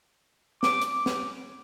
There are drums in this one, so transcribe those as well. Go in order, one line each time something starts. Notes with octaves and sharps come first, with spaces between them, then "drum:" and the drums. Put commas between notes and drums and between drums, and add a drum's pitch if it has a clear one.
D6, drum: snare
drum: hi-hat
drum: snare